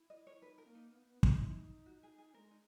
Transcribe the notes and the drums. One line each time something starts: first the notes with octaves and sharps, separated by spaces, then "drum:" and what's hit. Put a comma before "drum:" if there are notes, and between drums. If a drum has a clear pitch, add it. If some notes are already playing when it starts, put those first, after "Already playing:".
Already playing: E4
D#5
C#5
D#4 B4
A#4
A#3
D#4
B3
B3
D#4, drum: kick
E4
F#4
G#4
G#4
G#3 A#4
D#4